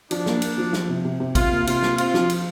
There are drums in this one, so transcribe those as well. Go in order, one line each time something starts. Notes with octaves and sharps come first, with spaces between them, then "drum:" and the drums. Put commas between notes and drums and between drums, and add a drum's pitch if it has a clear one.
F3 D4, drum: cymbal
A#3, drum: snare
A#3, drum: cymbal
F3
F3, drum: snare
C3
C3
C3
C3 F4, drum: kick, cymbal
A#3
C3 F4, drum: cymbal
A#3, drum: snare
C4 F4, drum: cymbal
F3, drum: snare
drum: cymbal